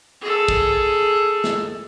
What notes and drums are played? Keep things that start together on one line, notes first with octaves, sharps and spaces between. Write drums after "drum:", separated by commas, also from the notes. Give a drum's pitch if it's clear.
G#4 A4
drum: kick
drum: snare